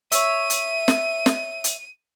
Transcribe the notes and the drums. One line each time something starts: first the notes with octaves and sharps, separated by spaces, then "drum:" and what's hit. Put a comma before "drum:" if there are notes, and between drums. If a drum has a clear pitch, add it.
C#5 E5 D#7, drum: hi-hat
drum: hi-hat
drum: snare
drum: snare
drum: hi-hat